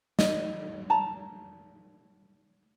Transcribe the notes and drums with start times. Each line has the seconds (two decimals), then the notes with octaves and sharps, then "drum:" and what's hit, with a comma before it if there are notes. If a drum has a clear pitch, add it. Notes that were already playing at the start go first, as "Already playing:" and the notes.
0.19 D#5, drum: snare
0.90 A5 A#5